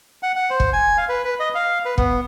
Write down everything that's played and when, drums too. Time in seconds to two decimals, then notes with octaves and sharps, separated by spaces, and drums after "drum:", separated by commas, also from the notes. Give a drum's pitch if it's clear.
0.23 F#5
0.36 F#5
0.50 C5
0.60 drum: kick
0.73 G#5
0.98 F5
1.09 B4
1.24 B4
1.40 D#5
1.55 F5
1.85 B4
1.98 B3, drum: kick